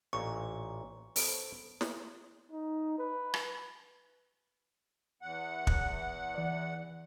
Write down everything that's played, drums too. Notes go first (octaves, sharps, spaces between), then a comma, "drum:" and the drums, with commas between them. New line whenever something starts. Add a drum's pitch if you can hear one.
A1 A#2 C#6
B3 A4 C5, drum: open hi-hat
drum: snare
D#4
B4
drum: rim click
E2 F#5
F#6, drum: kick
E3 D5